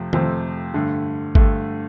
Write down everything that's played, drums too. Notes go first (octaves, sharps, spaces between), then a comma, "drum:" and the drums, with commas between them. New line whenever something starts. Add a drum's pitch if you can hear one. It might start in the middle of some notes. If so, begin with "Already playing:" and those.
Already playing: F2 C3 F3 A3 C4
F2 C3 F3 A3 C4, drum: tom D#3
G2 D3 A3
G2 D3 A3, drum: kick